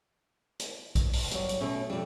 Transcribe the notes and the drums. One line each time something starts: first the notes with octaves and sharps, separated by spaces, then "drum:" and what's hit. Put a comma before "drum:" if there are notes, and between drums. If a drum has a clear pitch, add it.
drum: hi-hat
drum: kick A#1, hi-hat
drum: open hi-hat
G2 F#3, drum: hi-hat
drum: hi-hat
B2 A3 C#4
F2 G3 D4